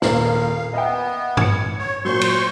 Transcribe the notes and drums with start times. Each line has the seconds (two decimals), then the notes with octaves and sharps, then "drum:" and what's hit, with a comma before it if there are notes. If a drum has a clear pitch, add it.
0.02 D#1 A#3 F5, drum: snare
0.73 B3 D#5 E5 G5
1.37 G#6 C#7, drum: tom G2
1.78 C#5
2.05 A#2 F#3 C5 C6 C#6
2.21 drum: cymbal